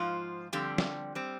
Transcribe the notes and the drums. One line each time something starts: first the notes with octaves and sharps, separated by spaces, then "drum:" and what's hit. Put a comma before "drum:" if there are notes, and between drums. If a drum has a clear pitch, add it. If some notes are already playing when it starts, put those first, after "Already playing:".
Already playing: G#2 F3 F4
D3 F3 G3 C4 G4
drum: snare
G3 C4